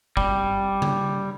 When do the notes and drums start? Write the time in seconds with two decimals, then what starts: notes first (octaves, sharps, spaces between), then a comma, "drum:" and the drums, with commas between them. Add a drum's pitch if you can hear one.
0.17 G3, drum: kick
0.82 drum: tom C#3